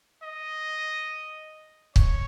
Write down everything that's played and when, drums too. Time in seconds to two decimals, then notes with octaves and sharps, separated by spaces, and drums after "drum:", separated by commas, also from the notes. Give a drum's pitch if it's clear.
0.23 D#5
1.96 C#5, drum: kick